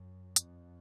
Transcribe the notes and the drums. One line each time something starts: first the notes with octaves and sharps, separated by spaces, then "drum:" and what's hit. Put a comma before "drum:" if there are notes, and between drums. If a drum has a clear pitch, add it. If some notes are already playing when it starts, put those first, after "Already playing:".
Already playing: F#2
F2, drum: hi-hat